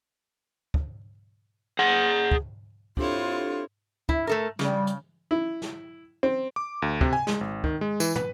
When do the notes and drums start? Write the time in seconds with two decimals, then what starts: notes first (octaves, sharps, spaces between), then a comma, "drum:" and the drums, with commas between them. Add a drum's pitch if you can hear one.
0.74 drum: kick
1.79 G#4 F#5
2.31 drum: kick
2.97 C4 D4 E4 F4 G4 A4 C#5, drum: kick
4.09 E4, drum: kick
4.27 A3 A4 A#4
4.59 C#3 G3, drum: snare
4.87 drum: hi-hat
5.31 E4
5.62 drum: snare
6.23 C4
6.56 D6
6.82 D2
7.01 C3, drum: kick
7.13 G#5
7.27 G#3, drum: snare
7.41 G#1
7.64 D#3, drum: kick
7.81 G#3
8.00 E3, drum: tambourine
8.16 B4, drum: tom